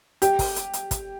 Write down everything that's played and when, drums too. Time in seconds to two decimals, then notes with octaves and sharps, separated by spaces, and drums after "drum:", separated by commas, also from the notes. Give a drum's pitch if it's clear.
0.22 G4, drum: hi-hat
0.39 drum: kick, open hi-hat
0.56 drum: hi-hat
0.73 drum: hi-hat
0.91 drum: kick, hi-hat